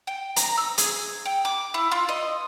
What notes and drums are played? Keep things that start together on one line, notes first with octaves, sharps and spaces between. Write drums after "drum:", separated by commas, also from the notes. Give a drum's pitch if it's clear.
G5
A#5, drum: hi-hat
E6
G#4, drum: hi-hat
G5
D6
E4
F4
D#5